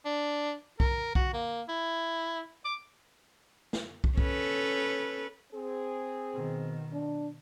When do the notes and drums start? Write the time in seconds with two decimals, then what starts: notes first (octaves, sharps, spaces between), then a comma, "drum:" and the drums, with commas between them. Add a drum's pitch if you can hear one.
0.05 D4
0.80 A#4, drum: kick
1.15 F#4, drum: kick
1.33 A#3
1.69 E4
2.65 D6
3.73 drum: snare
4.04 drum: kick
4.18 C#4 A4 B4, drum: kick
5.53 C4 G#4
6.34 B2 D#3
6.92 D4